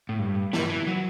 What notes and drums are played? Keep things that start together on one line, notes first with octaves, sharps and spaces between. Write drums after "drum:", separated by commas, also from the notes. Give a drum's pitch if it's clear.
A2
G2
E3, drum: snare
E3
F#3